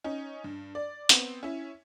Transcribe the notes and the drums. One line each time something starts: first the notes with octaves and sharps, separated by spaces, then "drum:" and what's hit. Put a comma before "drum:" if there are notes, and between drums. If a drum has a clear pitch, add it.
C#4 D#4
G2
D5
B3 C4, drum: hi-hat
C#4 E4